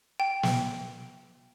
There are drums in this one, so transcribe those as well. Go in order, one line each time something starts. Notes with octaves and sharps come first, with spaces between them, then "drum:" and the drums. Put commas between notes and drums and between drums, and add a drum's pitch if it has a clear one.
G5
drum: snare